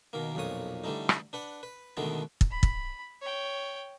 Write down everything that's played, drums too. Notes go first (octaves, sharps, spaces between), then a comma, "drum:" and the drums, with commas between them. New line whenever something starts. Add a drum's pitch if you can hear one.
B2 D#3 A#3
B1 F2 A#2 C#5 D#6
D3 E3 G3 A3 D#4
drum: rim click
D4 B4 F#5
B4
B2 D3 D#3 G#3 A3 B3
drum: kick
B5
drum: kick
C#5 G5